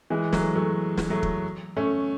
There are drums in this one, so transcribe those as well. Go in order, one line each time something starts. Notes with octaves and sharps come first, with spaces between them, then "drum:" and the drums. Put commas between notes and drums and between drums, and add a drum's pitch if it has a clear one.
E3 G#3
F#3 A3, drum: snare
F#3 A3
drum: snare
F#3 A3
drum: kick
A3 C#4